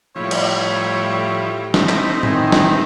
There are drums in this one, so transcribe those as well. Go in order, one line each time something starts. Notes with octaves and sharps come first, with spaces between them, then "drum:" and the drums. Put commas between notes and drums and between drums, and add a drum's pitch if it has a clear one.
A2 F3 G3 E4 C#5
drum: cymbal
A3 C4 D#4 E4, drum: snare
drum: clap
D#3 G#5, drum: tom
drum: snare